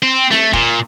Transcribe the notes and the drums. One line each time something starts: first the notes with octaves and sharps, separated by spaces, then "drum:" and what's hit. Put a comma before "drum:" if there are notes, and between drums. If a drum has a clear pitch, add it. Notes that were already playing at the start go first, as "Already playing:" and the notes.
C4
A3, drum: snare C4
A#2, drum: kick F1